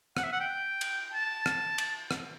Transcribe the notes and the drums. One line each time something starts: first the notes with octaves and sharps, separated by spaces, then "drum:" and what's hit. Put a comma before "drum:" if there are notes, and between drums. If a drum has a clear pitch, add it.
F#5, drum: rim click
E5
F#5
G5
drum: cymbal
A5
drum: rim click
drum: cymbal
drum: rim click